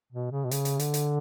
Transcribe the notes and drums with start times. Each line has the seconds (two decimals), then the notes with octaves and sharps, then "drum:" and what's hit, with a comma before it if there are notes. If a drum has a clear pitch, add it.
0.13 B2
0.31 C#3
0.45 B2
0.51 C#3, drum: hi-hat
0.65 drum: hi-hat
0.80 D3, drum: hi-hat
0.94 drum: hi-hat